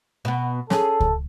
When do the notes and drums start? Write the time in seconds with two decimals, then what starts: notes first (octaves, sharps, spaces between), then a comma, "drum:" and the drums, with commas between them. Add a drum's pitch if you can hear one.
0.25 B2 B3
0.70 C#4 G#4 A4, drum: snare
1.00 drum: kick C#2